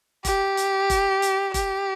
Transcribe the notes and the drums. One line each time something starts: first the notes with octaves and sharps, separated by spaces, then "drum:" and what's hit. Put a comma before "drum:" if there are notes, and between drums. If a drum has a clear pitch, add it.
G4, drum: kick F1, hi-hat
drum: hi-hat
drum: kick F1, hi-hat
drum: hi-hat
G4, drum: kick F1, hi-hat